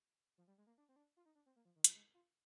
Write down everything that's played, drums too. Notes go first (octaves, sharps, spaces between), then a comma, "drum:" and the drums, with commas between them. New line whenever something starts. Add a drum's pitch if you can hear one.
F3
G3
G#3
A#3
D4
C4
D4
F4
D#4
D4
C4
A#3
F3
D#3
F3, drum: hi-hat
G#3
F4